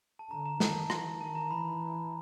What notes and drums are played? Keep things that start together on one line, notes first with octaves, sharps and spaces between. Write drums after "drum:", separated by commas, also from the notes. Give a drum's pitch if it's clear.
A5
D3 A#5
A#5
D#3 A5, drum: snare
E3, drum: rim click
D#3 A5
A#5
E3 B5